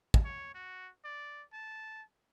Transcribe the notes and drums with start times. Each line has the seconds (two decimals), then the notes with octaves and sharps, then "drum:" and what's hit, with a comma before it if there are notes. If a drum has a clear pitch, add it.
0.14 drum: kick
0.25 C#5
0.55 F#4
1.05 D5
1.53 A5